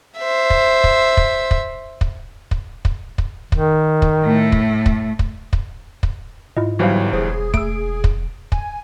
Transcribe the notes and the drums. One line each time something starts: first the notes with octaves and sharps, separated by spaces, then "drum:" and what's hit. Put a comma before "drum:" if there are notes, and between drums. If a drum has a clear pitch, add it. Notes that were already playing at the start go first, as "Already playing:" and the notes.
C5 E5
drum: kick
drum: kick
drum: kick
drum: kick
drum: kick
drum: kick
drum: kick
drum: kick
D#3, drum: kick
drum: kick
A2 A3
drum: kick
drum: kick
drum: kick
drum: kick
drum: kick
G#2 E4 F4 D#5
G1 E3 F#3 G3 F#4 C5 F5
E1 G#4 C5
A3 E6 D7, drum: kick
drum: kick
G#5, drum: kick